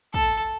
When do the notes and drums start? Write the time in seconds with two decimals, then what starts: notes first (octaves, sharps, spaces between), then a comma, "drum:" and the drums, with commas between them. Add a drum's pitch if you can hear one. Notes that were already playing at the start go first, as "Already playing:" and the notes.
0.14 A4, drum: kick